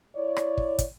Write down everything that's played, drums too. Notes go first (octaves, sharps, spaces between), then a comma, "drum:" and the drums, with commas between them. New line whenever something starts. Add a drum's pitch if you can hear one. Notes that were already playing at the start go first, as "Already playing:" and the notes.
E4 C#5 D5
drum: rim click
drum: kick
drum: kick, hi-hat